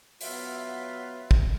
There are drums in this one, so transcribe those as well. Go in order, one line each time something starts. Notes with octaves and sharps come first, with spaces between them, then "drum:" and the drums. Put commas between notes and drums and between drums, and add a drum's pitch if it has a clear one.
F#3 B3 F4 B4 E5, drum: open hi-hat
drum: kick